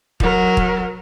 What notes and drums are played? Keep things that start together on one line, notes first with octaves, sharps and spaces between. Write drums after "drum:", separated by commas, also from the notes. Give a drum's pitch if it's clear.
F#3 A#4, drum: kick
drum: kick